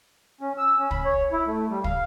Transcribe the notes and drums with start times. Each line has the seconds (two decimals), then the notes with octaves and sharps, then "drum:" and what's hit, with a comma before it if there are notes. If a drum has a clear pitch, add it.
0.41 C#4
0.58 E6
0.79 C#4
0.91 B5, drum: kick
1.05 C#5
1.32 E4
1.47 A3
1.69 G3
1.84 F5, drum: kick